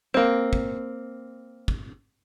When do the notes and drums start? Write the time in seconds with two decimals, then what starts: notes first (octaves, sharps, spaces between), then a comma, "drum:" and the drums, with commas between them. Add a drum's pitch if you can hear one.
0.14 A#3 C4
0.53 drum: kick
1.68 drum: kick